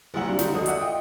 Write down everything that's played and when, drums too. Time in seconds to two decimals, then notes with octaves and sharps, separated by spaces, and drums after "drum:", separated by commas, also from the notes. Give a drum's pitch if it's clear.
0.14 F#1 C2 E4 F#5 F#7
0.26 F#3 G3 C4 D4 F4 F#4
0.39 D3 D#3 G3, drum: snare
0.54 C#2 F#3 F#4 A4 D#5 D#6
0.66 D5 E5 F#5 D#6, drum: hi-hat
0.81 F4 D#5 G5